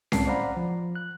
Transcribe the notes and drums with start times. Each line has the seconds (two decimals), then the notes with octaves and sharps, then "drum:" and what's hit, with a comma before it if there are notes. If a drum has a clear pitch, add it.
0.12 C2 A2 C4 A5 C7, drum: snare C#4
0.27 C5 D5 F5 F#5 A#5 B5
0.57 F3
0.95 F#6